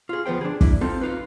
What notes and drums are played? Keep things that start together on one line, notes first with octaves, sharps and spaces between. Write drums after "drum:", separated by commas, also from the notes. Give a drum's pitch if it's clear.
F4 G#4
D2 F3 B3 C5 G5
D4 G#4
D4 E4, drum: kick
C4 D#4 F4 A4
D#4 F4 B4